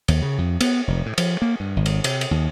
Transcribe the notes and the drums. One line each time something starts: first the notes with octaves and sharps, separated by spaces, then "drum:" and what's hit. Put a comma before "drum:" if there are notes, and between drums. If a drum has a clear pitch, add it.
D#2, drum: cymbal
C#3
F2
B3, drum: cymbal
F1
A2
F3, drum: cymbal
A#3
G2
G#1
drum: cymbal
C3, drum: cymbal
drum: cymbal
D#2